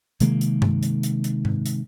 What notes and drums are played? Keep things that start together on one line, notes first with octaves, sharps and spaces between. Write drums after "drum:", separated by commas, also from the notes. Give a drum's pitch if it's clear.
C3 D#3 G#3 A#3, drum: hi-hat
drum: hi-hat
drum: tom G2
drum: hi-hat
drum: hi-hat
drum: hi-hat
drum: tom G#2
drum: hi-hat